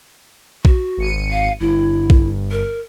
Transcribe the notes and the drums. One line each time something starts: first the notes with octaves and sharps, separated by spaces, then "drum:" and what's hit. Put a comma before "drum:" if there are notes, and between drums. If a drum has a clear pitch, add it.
F#4, drum: kick A#1
G#1 C#7 D#7
F5
G1 E4
drum: kick A#1
A#4